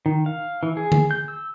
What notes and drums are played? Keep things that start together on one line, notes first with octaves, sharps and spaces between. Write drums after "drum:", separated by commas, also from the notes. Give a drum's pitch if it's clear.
D#3
F5
E3
G#4
drum: tom D3
G6
E6